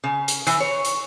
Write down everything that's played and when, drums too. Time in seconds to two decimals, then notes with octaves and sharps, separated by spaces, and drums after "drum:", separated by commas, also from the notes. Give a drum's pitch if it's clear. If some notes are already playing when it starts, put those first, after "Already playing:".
0.04 C#3
0.28 drum: hi-hat
0.47 E3, drum: hi-hat
0.60 C#5
0.84 drum: hi-hat